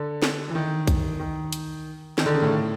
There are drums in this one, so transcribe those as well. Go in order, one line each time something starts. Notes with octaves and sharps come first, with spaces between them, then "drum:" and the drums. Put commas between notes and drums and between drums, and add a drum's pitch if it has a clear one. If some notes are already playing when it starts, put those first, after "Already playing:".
Already playing: D3
drum: snare
E3
D#3
drum: kick B1, hi-hat
D#3
drum: hi-hat
D#3, drum: snare
D3
C#3
A2